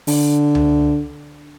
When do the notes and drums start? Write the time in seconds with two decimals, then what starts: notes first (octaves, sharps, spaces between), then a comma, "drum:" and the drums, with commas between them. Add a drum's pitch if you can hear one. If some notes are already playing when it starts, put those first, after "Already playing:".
0.07 D3, drum: open hi-hat
0.55 drum: tom C#2